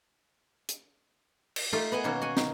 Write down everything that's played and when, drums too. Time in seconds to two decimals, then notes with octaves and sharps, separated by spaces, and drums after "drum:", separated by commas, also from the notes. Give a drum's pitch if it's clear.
0.69 drum: hi-hat
1.56 drum: cymbal
1.73 A3 D#4 F4 G4
1.92 B3 D#5 F#5 G#5
2.04 B2 D#3 A#3 C#4 F#4
2.22 F#4 F#5 G#5
2.37 D#4 F5, drum: snare